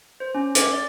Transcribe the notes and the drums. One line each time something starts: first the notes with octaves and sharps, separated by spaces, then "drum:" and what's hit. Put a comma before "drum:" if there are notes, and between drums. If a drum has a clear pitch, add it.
C5
C#4
D6, drum: hi-hat
D5